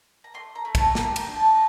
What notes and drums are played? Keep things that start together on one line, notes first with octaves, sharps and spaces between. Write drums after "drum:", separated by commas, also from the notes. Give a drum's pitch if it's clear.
A#5
A3 C6
A#5
A3
A5, drum: kick, cymbal
G4 A#5, drum: snare
A#5, drum: cymbal
D4
A5